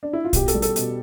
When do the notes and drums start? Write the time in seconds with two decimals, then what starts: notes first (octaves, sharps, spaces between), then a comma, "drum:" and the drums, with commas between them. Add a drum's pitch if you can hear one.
0.03 D4
0.13 E4
0.25 F4
0.33 B2 G4, drum: kick A#1, hi-hat
0.48 A4, drum: hi-hat
0.54 G3
0.62 A4, drum: hi-hat
0.76 B2, drum: hi-hat